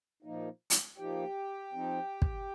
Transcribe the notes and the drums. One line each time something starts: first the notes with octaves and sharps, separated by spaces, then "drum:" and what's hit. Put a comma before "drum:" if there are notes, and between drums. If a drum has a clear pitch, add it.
A#2 F3 A#3 D#4
drum: hi-hat
A#2 F3 A#3 D#4 G4 G5
F3 C4 D#4
drum: kick